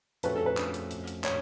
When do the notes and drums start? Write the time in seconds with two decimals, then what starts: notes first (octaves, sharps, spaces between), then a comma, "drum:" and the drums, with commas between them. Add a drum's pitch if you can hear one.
0.23 F2 F3 A3 C#4 F#4 B4, drum: hi-hat
0.36 A4
0.46 B4
0.57 drum: clap
0.74 drum: hi-hat
0.91 drum: hi-hat
1.08 drum: hi-hat
1.24 C#5, drum: clap